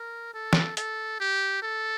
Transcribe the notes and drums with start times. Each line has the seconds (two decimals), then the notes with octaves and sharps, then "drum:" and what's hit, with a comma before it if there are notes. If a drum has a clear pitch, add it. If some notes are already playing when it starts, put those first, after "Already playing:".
Already playing: A#4
0.34 A4
0.53 drum: snare
0.77 A4, drum: hi-hat
1.20 G4
1.63 A4